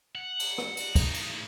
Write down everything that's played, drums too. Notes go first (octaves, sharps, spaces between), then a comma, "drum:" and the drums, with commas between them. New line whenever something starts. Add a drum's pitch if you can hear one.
F#5
drum: cymbal
drum: rim click
drum: cymbal
A2 D#4, drum: kick, cymbal
drum: cymbal